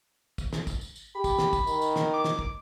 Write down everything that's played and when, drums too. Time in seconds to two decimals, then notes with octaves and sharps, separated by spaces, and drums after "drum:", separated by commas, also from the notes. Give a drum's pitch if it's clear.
0.38 drum: kick, tambourine
0.53 drum: snare
0.67 drum: kick, tambourine
0.81 drum: tambourine
0.96 drum: tambourine
1.15 G4 B5
1.24 drum: kick, tambourine
1.39 drum: snare
1.53 drum: kick, tambourine
1.67 D#3, drum: tambourine
1.81 drum: tambourine
1.96 drum: snare
2.14 D6
2.24 drum: snare
2.39 drum: kick